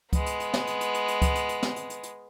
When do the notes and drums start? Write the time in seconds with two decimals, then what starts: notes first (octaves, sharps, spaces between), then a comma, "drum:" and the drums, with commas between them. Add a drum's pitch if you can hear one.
0.13 G#3 B3, drum: kick C#2, hi-hat
0.26 drum: hi-hat
0.40 drum: hi-hat
0.54 drum: snare
0.67 drum: hi-hat
0.81 drum: hi-hat
0.94 drum: hi-hat
1.08 drum: hi-hat
1.22 drum: kick C#2, hi-hat
1.35 drum: hi-hat
1.49 drum: hi-hat
1.63 drum: snare
1.76 drum: hi-hat
1.90 drum: hi-hat
2.03 drum: hi-hat